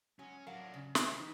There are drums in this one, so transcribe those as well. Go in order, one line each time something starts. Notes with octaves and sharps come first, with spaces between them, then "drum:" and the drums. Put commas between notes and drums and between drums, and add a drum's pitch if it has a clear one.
F#3 G#3 C#4
F#3 D4 A#4 F5 F#5
C#3
D#2 C3 G#3, drum: snare
E3 D#4